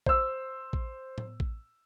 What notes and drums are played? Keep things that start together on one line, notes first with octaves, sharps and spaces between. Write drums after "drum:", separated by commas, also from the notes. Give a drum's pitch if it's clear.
C5 E6, drum: kick A1
drum: kick A1
drum: tom A2
drum: kick A1